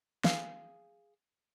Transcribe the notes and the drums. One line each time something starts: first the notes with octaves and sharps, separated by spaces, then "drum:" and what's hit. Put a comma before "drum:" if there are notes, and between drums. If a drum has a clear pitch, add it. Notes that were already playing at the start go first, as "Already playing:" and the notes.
G#4 F5, drum: snare